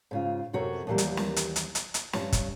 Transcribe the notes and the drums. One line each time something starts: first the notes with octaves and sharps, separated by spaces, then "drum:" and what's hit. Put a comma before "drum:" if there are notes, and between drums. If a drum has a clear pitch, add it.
G#2 C#3 F4
F#2 C3 F#4 A4 C#5 A#5
D#2 D3 E3 F#3 G3 A#3
drum: hi-hat
drum: snare
drum: hi-hat
drum: hi-hat
drum: hi-hat
drum: hi-hat
G2 C#4, drum: snare
drum: kick, hi-hat